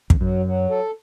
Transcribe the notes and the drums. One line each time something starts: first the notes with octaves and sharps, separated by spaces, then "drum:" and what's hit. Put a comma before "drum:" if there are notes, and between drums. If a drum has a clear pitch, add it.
E2, drum: kick
F#2 F#3
F#3
A4